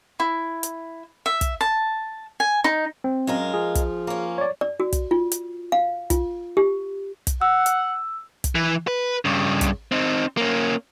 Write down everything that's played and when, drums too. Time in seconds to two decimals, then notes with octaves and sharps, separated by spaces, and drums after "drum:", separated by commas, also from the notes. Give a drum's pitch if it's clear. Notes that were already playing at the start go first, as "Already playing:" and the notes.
0.20 E4
0.63 drum: hi-hat
1.26 E5
1.41 drum: kick, hi-hat
1.61 A5
2.40 G#5
2.64 D#4
3.04 C4
3.27 F#2 G#3 F4 A#4
3.54 F3 G#4
3.75 drum: kick, hi-hat
4.07 A#3 C#4
4.38 C#5 D5
4.61 D5
4.80 F#4
4.92 drum: kick, hi-hat
5.11 F4
5.32 drum: hi-hat
5.72 F5
6.10 F4, drum: kick, hi-hat
6.57 G4
7.27 drum: kick, hi-hat
7.41 F#5 E6
7.66 drum: hi-hat
8.44 drum: kick, hi-hat
8.55 E3
8.87 B4
9.25 G2 C#3
9.61 drum: kick, hi-hat
9.92 C4 D#4
10.37 A#3 C#4